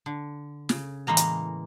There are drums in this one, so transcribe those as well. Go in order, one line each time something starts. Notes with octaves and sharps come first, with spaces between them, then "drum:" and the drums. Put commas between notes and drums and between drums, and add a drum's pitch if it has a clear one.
D3
C#3, drum: snare
A2 E3 G#3 A#3 A#5
drum: hi-hat